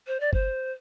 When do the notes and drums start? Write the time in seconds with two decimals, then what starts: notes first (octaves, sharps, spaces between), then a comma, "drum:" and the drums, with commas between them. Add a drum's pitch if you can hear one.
0.07 C5
0.20 D5
0.33 C5, drum: kick G1